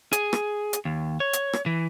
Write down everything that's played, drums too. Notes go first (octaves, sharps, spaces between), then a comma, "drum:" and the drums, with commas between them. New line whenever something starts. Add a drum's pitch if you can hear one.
G#4, drum: hi-hat
drum: rim click
drum: hi-hat
D#2
C#5
drum: hi-hat
drum: rim click
E3